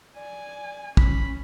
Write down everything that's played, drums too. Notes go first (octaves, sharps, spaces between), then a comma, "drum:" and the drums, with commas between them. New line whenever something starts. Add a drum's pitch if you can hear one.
D5 G#5
C#4 B5, drum: kick